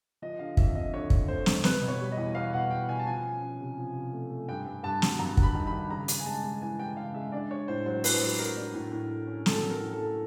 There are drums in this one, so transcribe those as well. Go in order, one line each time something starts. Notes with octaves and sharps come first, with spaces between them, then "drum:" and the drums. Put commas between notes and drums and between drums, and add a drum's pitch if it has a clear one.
F3 D#5
D3 F5
F2 E5, drum: kick
D3 D#5
D3 C#5
D3, drum: kick
A3 C5
F2, drum: snare
G3 B4, drum: snare
B2
C#5
G3
E2 D#5
E2 F5
B2 F#5
E2 G5
B2 G#5
A5
F3 G#5
C#4
C#4
C3
F3
C3
A3
A3
G2 G5
G2
G2 A5
F#3, drum: snare
G2 A#5
G2, drum: kick
B5
D#3
B5
G2
C#3 A#5
C#3, drum: hi-hat
G#5
G#3 A5
G#3
E3 G#5
E3 G5
C#3 F5
G#3 E5
D4 D5
D4 C#5
A2 C5
F#3 C5
A2 B4, drum: open hi-hat
F#3
F#3 A#4
D4
A2
A2
A3
C#4
F#3 A4, drum: snare
C#4
A#4
A2
A4
A3